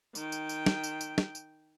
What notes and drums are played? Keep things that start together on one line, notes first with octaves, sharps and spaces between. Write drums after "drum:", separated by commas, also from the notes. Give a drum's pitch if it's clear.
D#3 G5, drum: tambourine
drum: tambourine
drum: tambourine
drum: snare
drum: tambourine
drum: tambourine
drum: snare
drum: tambourine